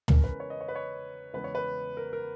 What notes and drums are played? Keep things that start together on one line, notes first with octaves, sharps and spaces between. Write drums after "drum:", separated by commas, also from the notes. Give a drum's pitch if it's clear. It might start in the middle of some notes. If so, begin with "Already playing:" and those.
E2 C#3 G#3 C#4 A#4, drum: tom
B4
C#5
D#5
C#5
B4
C#5
E2 C#3 G#3 B3 B4
C#5
B4
A#4
A#4